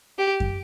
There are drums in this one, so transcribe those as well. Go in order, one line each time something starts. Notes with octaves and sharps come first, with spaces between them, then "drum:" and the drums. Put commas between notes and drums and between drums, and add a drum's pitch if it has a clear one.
G4
drum: kick F#2